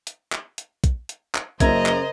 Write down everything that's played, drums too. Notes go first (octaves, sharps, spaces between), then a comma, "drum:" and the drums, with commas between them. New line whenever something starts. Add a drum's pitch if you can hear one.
drum: hi-hat
drum: clap
drum: hi-hat
drum: kick, hi-hat
drum: hi-hat
drum: clap
F#1 C#3 A#4 C5 D#5 E5 A#5 G#6, drum: kick, hi-hat
drum: clap